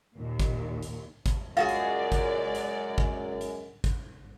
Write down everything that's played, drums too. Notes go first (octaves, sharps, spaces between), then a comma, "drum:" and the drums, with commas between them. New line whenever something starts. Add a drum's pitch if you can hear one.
D#2 A#2
drum: kick, hi-hat
drum: hi-hat
drum: kick, hi-hat
F#2 G#3 F4 F#4 G#4 D5 F5 F#5
drum: hi-hat
drum: kick, hi-hat
drum: hi-hat
drum: kick
drum: hi-hat
drum: kick, hi-hat